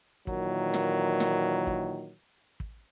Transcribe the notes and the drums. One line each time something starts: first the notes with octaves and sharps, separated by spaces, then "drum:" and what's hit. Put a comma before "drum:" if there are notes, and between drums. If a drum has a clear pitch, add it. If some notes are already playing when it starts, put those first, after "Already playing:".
A#2 D#3 E3 F#3, drum: kick
drum: snare
drum: snare
drum: kick
drum: kick